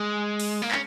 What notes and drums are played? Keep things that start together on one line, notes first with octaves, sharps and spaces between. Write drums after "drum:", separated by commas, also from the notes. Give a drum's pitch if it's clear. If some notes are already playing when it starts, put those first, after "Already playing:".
Already playing: G#3
drum: open hi-hat
A#3
C#4, drum: clap